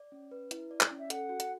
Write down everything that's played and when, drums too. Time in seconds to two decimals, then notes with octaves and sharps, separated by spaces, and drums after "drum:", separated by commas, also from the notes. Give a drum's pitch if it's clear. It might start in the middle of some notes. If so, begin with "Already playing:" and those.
Already playing: D5
0.12 C#4
0.31 B4
0.51 E4, drum: hi-hat
0.71 D5
0.81 drum: clap
0.91 C#4
0.99 E5
1.10 A4 F#5, drum: hi-hat
1.29 F#4
1.40 drum: hi-hat